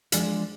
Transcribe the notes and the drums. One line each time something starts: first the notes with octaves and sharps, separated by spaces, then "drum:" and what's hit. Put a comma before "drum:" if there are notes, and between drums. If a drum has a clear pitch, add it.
F3 G#3 D4 D5, drum: hi-hat